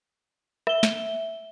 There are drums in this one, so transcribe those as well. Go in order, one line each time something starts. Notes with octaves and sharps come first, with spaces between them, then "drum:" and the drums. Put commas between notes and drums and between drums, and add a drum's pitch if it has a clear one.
E5 G7, drum: rim click
drum: snare